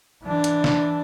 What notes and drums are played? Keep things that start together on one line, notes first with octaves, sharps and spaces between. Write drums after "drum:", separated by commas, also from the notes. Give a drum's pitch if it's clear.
E3 D4
drum: hi-hat
drum: snare